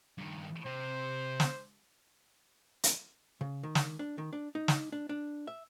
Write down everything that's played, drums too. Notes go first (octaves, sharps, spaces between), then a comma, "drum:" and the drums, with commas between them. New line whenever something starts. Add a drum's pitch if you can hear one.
G2 D#3
C3 C5
drum: snare
drum: hi-hat
C#3
D#3
drum: snare
D4
D#3
D4
D#4
drum: snare
D4
D4
E5